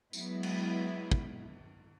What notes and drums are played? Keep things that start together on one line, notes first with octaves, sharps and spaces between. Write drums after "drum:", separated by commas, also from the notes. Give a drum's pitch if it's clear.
F#3 G#3 B3 E4, drum: tambourine
drum: cymbal
drum: kick